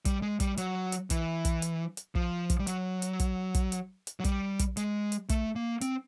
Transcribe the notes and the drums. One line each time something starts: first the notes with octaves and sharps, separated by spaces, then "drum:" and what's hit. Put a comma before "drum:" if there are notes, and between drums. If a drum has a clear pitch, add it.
G3, drum: kick, hi-hat
G#3
G3, drum: kick, hi-hat
F#3, drum: hi-hat
drum: hi-hat
E3, drum: kick, hi-hat
drum: kick, hi-hat
drum: hi-hat
drum: hi-hat
F3, drum: kick
drum: kick, hi-hat
G3
F#3, drum: hi-hat
drum: hi-hat
drum: kick, hi-hat
drum: kick, hi-hat
drum: hi-hat
drum: hi-hat
F#3
G3, drum: kick, hi-hat
drum: kick, hi-hat
G#3, drum: hi-hat
drum: hi-hat
A3, drum: kick, hi-hat
A#3
C4, drum: hi-hat